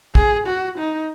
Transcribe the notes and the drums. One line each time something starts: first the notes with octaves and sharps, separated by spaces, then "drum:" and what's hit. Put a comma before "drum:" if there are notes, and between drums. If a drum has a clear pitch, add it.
G#4, drum: kick A1
F#4
D#4